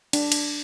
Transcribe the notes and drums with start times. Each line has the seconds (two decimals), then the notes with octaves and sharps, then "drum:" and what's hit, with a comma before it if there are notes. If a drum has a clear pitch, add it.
0.13 D4, drum: cymbal
0.32 drum: cymbal